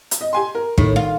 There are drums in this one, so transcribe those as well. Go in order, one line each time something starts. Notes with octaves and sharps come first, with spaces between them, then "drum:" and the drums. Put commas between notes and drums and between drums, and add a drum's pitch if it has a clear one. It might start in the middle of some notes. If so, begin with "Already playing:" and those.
drum: hi-hat
D#5
G4 G#5 C6
A#4
A2 D#3, drum: kick
F4